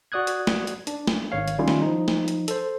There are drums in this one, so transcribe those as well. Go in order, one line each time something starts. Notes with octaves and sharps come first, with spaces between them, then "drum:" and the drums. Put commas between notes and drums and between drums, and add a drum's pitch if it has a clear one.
F#4 D5 D#6 F#6 G#6
drum: hi-hat
drum: snare A3
drum: hi-hat
D4, drum: hi-hat
drum: snare A3
G#1 C#5 F5
drum: hi-hat
D#3 G3 C#4 E4 F4
drum: snare A3
F3 D#4
drum: snare A3
drum: hi-hat
A4 C5, drum: hi-hat